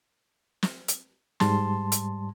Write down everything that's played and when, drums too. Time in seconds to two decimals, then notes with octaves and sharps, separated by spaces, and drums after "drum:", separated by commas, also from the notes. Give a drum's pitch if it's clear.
0.63 drum: snare
0.88 drum: hi-hat
1.40 G#2 G3 A5 C6, drum: snare
1.92 drum: hi-hat